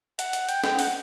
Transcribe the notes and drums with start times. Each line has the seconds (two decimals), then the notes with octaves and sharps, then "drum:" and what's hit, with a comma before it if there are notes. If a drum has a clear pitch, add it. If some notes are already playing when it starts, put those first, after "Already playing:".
0.19 F#5, drum: hi-hat
0.33 drum: hi-hat
0.49 G5, drum: hi-hat
0.64 G5, drum: snare
0.79 F#5, drum: open hi-hat